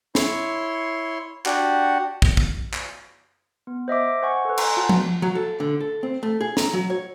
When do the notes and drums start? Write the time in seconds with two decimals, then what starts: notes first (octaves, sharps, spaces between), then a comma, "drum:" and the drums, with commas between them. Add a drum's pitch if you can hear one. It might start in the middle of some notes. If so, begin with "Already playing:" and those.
0.15 E4 C#5 C6, drum: snare
1.46 D4 F#4 G4 F#5, drum: clap
2.22 drum: kick
2.37 drum: kick
2.74 drum: clap
3.67 B3
3.88 C5 D#5 E5 D6
4.22 C5 F#5 G#5 C#6
4.45 A4 B4
4.58 G#5 A#5 C6, drum: cymbal
4.77 F4 F#4 F#5 A5
4.89 drum: tom F3
5.22 F#3
5.35 A4
5.60 D3
5.81 A4
6.03 C4
6.23 A3
6.41 G#4
6.57 A#5, drum: snare
6.73 F#3
6.90 C#5